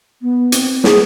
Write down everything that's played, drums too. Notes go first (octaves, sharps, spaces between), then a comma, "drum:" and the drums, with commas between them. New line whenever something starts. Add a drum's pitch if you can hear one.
B3
C4, drum: hi-hat
G#4, drum: snare